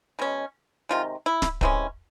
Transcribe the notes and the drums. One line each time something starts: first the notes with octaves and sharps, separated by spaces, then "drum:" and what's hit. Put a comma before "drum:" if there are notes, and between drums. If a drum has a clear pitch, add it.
B2 G#3 C#4
C3 D#3 G#3 F4
E4
drum: snare
C3 E3 G#3 C#4, drum: kick